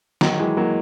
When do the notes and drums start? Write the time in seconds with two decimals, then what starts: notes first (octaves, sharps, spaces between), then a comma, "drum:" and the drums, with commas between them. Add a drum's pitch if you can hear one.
0.21 D#3 F#3, drum: snare
0.40 E3 G#3
0.57 F#3 A#3